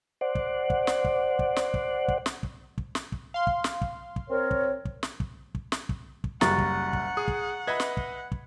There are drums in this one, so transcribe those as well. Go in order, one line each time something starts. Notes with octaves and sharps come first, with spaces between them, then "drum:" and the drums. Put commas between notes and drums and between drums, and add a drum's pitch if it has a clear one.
C5 D5 F#5
drum: kick
drum: kick
drum: snare
drum: kick
drum: kick
drum: snare
drum: kick
drum: kick
drum: snare
drum: kick
drum: kick
drum: snare
drum: kick
F5 C6
drum: kick
drum: snare
drum: kick
drum: kick
C4 A#4 C#5
drum: kick
drum: kick
drum: snare
drum: kick
drum: kick
drum: snare
drum: kick
drum: kick
F#1 G3 F#5 A#5 C#6 A6, drum: snare
drum: kick
drum: kick
G#4 D#6
drum: kick
B4 D#5 E5 B5 G#6
drum: snare
drum: kick
drum: kick